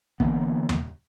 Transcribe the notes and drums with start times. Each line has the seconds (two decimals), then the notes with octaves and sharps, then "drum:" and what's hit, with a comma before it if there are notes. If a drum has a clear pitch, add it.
0.20 D3 E3 A#3 B3, drum: kick
0.69 drum: tom D#2